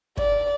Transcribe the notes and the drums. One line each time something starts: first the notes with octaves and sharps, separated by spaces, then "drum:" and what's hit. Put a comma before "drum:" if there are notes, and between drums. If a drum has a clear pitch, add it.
D5, drum: kick